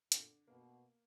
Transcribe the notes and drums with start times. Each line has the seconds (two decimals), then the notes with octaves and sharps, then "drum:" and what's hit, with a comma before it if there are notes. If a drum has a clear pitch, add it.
0.12 A#2 D3, drum: hi-hat
0.48 B2 A#3